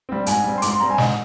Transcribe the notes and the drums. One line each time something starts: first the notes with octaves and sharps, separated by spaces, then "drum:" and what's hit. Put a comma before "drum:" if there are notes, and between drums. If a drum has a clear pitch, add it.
G3 C4
G#2 G#5, drum: hi-hat
G3 C4
C6
G#2 D6, drum: hi-hat
C6
G3 C4 A#5
G#5
G#2 D#5, drum: snare